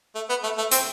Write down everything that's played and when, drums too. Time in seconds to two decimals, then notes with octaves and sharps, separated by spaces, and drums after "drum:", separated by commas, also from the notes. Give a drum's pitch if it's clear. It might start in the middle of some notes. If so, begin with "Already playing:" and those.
0.15 A3
0.29 B3
0.43 A3
0.58 A3
0.71 C4, drum: hi-hat